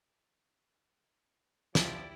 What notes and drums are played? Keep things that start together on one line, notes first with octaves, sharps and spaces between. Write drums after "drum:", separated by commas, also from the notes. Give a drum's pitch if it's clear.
F3 E4 G4 D5, drum: snare